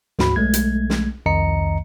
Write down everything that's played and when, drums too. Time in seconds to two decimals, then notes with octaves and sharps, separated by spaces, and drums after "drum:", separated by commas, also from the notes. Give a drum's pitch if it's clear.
0.19 D2 G#2 F#4 B5, drum: snare
0.36 B1 G#3 A3 G#6
0.53 drum: hi-hat
0.90 drum: snare
1.26 C2 F2 D#3 D#5 A#5 C#7